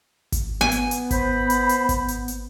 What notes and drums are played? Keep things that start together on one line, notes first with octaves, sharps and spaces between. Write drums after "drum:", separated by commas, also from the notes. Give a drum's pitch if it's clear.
drum: kick G#1, hi-hat
B3 G#5
drum: hi-hat
drum: hi-hat
C5 B5, drum: kick G#1, hi-hat
drum: hi-hat
drum: hi-hat
drum: kick G#1, hi-hat
drum: hi-hat
drum: hi-hat